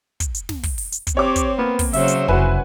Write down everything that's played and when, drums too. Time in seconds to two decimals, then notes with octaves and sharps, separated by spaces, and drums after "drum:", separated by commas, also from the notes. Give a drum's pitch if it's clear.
0.20 drum: kick, hi-hat
0.35 drum: hi-hat
0.49 drum: snare
0.63 drum: kick, open hi-hat
0.78 drum: open hi-hat
0.92 drum: hi-hat
1.07 drum: kick, hi-hat
1.17 C4 G4 C#5 D6
1.36 drum: kick, hi-hat
1.58 A#3 B3
1.79 drum: kick, open hi-hat
1.93 C#3 F#3 C5 E5, drum: open hi-hat
2.08 drum: hi-hat
2.28 F1 C4 E4 F#4 B4 G#5